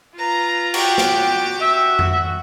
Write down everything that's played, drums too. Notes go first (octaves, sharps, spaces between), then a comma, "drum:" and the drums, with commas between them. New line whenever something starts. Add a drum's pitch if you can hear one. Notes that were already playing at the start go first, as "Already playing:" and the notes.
F4 B4 A#5
F#4 G4 G5, drum: cymbal
drum: snare
E5
drum: tom F2